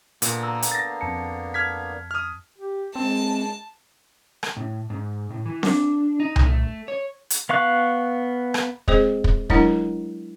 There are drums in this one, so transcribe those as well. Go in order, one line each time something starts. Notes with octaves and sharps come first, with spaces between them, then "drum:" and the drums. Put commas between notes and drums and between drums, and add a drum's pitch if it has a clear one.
A#2 D3 A#3 B3, drum: hi-hat
A#5 E6
drum: hi-hat
A6 A#6
F2 A5 C#7
F6 G#6 B6
D#6 F6
G4
G#3 C4 A5
drum: rim click
A2
G#2
A2
E3
D4, drum: snare C4
D#4
drum: tom C2
A3
C#5
drum: hi-hat
B3 F5 C#6 F#6
drum: rim click
G#3 C4 G#4 C5 D#5, drum: kick
drum: kick
F#3 G#3 D4 E4 A#4 F#5, drum: kick